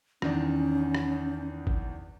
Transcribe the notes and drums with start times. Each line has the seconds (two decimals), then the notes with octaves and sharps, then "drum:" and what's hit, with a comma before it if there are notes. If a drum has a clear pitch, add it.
0.22 E2 D#3 C#4 D4, drum: rim click
0.95 drum: rim click
1.67 drum: kick G#1